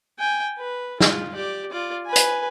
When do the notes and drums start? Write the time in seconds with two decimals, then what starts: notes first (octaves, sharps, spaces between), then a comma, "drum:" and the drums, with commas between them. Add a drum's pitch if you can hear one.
0.19 G5 G#5
0.58 B4
1.01 F4, drum: snare
1.33 G4 D5
1.71 F4 D5
2.06 B4 G#5
2.16 drum: hi-hat